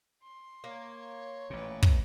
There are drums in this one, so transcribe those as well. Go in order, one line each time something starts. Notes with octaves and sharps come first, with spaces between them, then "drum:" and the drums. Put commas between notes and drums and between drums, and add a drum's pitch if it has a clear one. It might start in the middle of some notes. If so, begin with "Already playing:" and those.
C6
A#3 C#5
A1 A#2 G4 B4
drum: kick